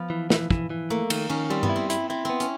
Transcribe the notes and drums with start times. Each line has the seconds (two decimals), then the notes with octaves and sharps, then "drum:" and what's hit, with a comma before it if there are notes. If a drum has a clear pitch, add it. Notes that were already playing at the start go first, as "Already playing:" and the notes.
Already playing: F3 B3
0.10 E3
0.30 E3, drum: snare
0.50 E3, drum: kick
0.70 E3
0.90 A3 A#3
1.10 D#3, drum: cymbal
1.29 D#3 C#4
1.50 G3 C4
1.63 B3, drum: tom G2
1.70 E4
1.76 C4
1.90 E4, drum: hi-hat
2.10 C4 E4
2.25 B3 C4
2.40 C#4, drum: hi-hat